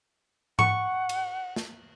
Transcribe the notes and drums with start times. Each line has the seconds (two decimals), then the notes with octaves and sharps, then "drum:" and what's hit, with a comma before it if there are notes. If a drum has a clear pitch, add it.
0.59 F#5 C#6, drum: tom G#2
1.09 drum: cymbal
1.56 drum: snare